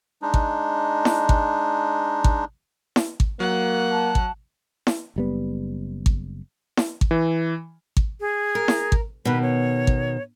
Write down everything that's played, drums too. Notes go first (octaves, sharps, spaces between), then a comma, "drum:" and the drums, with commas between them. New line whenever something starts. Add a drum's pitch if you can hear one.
G#3 D4 D#4
drum: kick G#1
drum: snare E4
drum: kick G#1
drum: kick G#1
drum: snare E4
drum: kick G#1
F#3 A#3 F#5
A5
drum: kick G#1
drum: snare E4
F#1 G3 B3
drum: kick G#1
drum: snare E4
drum: kick G#1
E3
drum: kick G#1
G#4
A#4
drum: snare E4
drum: kick G#1
B2 D#3 B4
C#5
drum: kick G#1